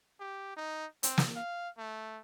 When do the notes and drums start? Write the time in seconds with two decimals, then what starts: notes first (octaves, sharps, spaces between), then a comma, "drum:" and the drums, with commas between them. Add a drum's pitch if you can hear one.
0.20 G4
0.57 D#4
1.03 C4, drum: hi-hat
1.18 drum: snare
1.36 F5
1.78 A3